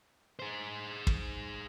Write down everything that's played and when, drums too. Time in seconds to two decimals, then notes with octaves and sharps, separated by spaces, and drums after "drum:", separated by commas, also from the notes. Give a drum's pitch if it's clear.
0.39 G#4 C5
1.07 drum: kick